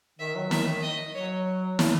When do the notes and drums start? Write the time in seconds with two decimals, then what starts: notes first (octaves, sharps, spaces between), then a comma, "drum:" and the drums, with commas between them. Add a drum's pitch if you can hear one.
0.19 D#3 E5
0.35 F#3
0.51 D#3 E5, drum: snare
0.67 D#3
0.83 D#5
1.15 F#3 C#5
1.79 drum: snare